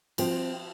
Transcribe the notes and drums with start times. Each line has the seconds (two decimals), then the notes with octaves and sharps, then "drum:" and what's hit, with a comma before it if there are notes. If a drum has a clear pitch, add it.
0.18 F3 C4, drum: cymbal